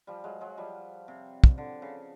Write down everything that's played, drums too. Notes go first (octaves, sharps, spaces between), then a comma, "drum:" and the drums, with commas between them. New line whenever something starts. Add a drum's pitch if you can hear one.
F3 G3
F#3 G#3
F#3 G#3
F3 G3
C3
drum: kick
D3
C#3